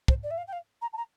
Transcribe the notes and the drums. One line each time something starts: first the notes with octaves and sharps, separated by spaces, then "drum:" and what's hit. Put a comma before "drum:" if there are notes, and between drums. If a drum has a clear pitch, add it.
C5, drum: kick
D5
E5
F5
G5
F5
A#5
A5
A#5